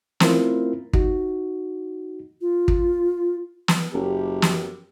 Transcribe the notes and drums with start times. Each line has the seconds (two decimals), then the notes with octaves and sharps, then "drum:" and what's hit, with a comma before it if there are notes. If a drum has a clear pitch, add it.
0.20 A3 C4 C#4 E4 F4 A#4, drum: snare
0.93 D#4 F#4, drum: kick
2.41 F4
2.68 drum: kick
3.68 drum: snare
3.93 F#1 F#2 G4
4.42 drum: snare